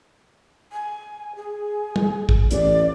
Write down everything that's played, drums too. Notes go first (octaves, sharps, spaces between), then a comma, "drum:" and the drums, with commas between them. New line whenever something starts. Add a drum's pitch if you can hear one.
G#5
G#4
drum: tom
drum: kick
A1 D5, drum: hi-hat